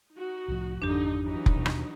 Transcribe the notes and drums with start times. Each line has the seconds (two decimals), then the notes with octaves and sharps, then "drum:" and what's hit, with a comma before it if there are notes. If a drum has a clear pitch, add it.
0.12 D#4 F#4
0.48 C2 A2 F3
0.82 G#1 F2 D3 D4 D#4 G4
1.22 E3 F#3 D#4
1.46 drum: kick F1
1.57 D#2 B2
1.66 drum: rim click